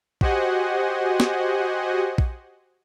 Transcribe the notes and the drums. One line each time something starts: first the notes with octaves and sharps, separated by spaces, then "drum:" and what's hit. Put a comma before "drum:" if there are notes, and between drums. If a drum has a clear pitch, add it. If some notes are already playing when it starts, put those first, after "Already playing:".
F#4 G4 C5 D#5 F#5 G#5, drum: kick
drum: snare
drum: kick